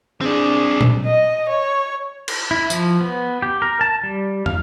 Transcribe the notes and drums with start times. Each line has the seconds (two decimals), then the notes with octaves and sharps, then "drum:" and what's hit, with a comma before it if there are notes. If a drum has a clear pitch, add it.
0.21 C4 D4 G#4 D5
0.81 drum: tom A#2
1.06 D#5
1.50 C#5
2.28 drum: cymbal
2.51 E4
2.70 F3, drum: tambourine
3.01 B3
3.42 G4
3.62 A#4
3.81 A5
4.03 G3
4.46 F5, drum: tom